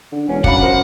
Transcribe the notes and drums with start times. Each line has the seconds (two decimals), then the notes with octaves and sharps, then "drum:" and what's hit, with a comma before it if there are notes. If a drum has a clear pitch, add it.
0.12 D3
0.28 E1 C#4
0.44 F#2 A#2 D4 F5 F#5 B5, drum: kick
0.62 F3 A#4 C5 D#5